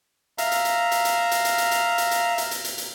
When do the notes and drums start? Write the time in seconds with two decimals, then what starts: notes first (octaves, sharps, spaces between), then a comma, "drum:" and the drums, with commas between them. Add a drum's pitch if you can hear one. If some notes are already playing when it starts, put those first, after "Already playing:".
0.38 E5 F5 A#5, drum: hi-hat
0.52 drum: hi-hat
0.65 drum: hi-hat
0.91 drum: hi-hat
1.05 drum: hi-hat
1.31 drum: hi-hat
1.45 drum: hi-hat
1.58 drum: hi-hat
1.71 drum: hi-hat
1.98 drum: hi-hat
2.11 drum: hi-hat
2.38 drum: hi-hat
2.51 drum: hi-hat
2.65 drum: hi-hat
2.78 drum: hi-hat